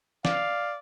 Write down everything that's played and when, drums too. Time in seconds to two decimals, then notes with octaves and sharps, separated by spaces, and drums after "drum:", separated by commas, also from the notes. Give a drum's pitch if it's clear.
0.25 D5 F5, drum: snare